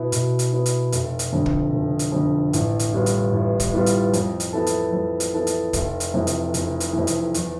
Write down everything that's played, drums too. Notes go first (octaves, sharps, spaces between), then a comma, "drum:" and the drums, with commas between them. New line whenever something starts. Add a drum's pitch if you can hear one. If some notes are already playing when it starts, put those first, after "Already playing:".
Already playing: B2 B3 E4
B2, drum: hi-hat
drum: hi-hat
B3 E4
drum: hi-hat
F1, drum: hi-hat
drum: hi-hat
F2 D3
drum: kick
F1
drum: hi-hat
F2 D3
A1, drum: hi-hat
drum: hi-hat
A2 G3 B3 F4
drum: hi-hat
A1
drum: kick, hi-hat
A2 G3 B3 F4
drum: hi-hat
F2, drum: hi-hat
drum: hi-hat
E3 B3 E4 A4
drum: hi-hat
F2
drum: hi-hat
E3 B3 E4 A4
drum: hi-hat
F1, drum: kick, hi-hat
drum: hi-hat
F2 C3 E3
drum: hi-hat
F1, drum: hi-hat
drum: hi-hat
F2 C3 E3
drum: hi-hat
E2, drum: hi-hat